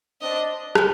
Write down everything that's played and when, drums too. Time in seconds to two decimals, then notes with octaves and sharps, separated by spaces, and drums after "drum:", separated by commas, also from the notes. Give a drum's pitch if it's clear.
0.21 C4 D4 D#5
0.75 drum: rim click